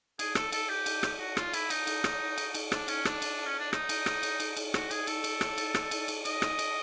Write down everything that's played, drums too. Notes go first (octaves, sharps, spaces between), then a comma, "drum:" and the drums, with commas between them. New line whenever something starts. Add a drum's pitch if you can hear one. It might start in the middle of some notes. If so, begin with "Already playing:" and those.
G#4, drum: cymbal
A4, drum: rim click
A4, drum: cymbal
G4
drum: cymbal
drum: rim click
F#4
F4, drum: rim click
E4, drum: cymbal
D#4, drum: cymbal
drum: cymbal
drum: rim click
drum: cymbal
drum: cymbal
D4, drum: rim click
C#4, drum: cymbal
D4, drum: rim click
drum: cymbal
C#4
D4
D#4, drum: rim click
drum: cymbal
drum: rim click
drum: cymbal
drum: cymbal
drum: cymbal
F#4, drum: rim click
G#4, drum: cymbal
A4, drum: cymbal
drum: cymbal
drum: rim click
drum: cymbal
drum: rim click
drum: cymbal
drum: cymbal
D#5, drum: cymbal
drum: rim click
drum: cymbal